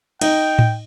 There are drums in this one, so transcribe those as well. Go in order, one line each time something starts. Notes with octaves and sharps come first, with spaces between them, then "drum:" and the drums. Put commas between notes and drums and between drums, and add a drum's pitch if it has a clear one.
D#4 G5, drum: cymbal
drum: tom A2